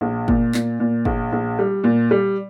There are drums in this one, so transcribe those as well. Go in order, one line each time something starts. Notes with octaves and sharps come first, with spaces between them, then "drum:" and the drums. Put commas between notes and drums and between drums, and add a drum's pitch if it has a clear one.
A#1
A#2, drum: kick
A#2, drum: clap
A#2
A#1, drum: kick
A#1
G3
A#2
G3